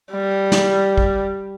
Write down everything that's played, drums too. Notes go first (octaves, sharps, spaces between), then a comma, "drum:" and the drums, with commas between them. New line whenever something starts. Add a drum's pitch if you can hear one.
G3
drum: snare
drum: kick